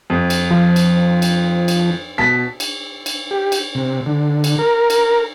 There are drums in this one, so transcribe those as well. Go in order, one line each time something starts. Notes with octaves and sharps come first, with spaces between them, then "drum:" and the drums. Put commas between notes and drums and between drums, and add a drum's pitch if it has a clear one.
F2
drum: cymbal
F3
drum: cymbal
drum: cymbal
drum: cymbal
B2 A5 B6
drum: cymbal
drum: cymbal
G4
drum: cymbal
C3
D3
drum: cymbal
A#4
drum: cymbal